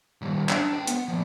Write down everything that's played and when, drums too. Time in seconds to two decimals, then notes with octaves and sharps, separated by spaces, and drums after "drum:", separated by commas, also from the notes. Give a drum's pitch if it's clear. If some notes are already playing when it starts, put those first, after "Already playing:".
0.22 D#3 G3
0.49 D4, drum: clap
0.73 B4 G5
0.87 B3, drum: hi-hat
1.08 F3 A#3